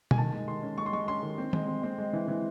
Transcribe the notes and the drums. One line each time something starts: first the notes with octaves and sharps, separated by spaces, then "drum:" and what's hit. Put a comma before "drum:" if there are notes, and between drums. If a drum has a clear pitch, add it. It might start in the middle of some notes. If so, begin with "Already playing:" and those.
G#5, drum: tom B2
D#3 A5
G#3
D#3 C6
C#4
G#3 C#6
C6
G#3 C#6
C#4 C6
D#3
C4
G#3, drum: tom
C4
C4
G#3
E3
E3